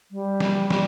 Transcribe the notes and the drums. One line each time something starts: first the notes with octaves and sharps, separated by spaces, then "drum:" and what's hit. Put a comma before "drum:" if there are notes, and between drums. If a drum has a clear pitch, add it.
G3
drum: snare
G3, drum: snare